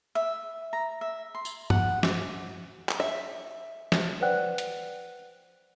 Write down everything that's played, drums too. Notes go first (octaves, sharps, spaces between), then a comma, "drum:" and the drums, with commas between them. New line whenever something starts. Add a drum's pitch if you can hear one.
E5
A#5
E5
C6
drum: tambourine
F#5, drum: tom
D6, drum: snare
drum: clap
E5
drum: snare
B4 C5 D5 F#5 G5 F#6
drum: hi-hat